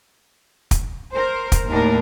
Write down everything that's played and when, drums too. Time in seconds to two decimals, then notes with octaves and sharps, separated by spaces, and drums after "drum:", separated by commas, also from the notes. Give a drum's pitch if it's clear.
0.71 drum: kick, hi-hat
1.11 A#4 C5
1.52 drum: kick, hi-hat
1.68 D#2 A2 D4 D#4 A#4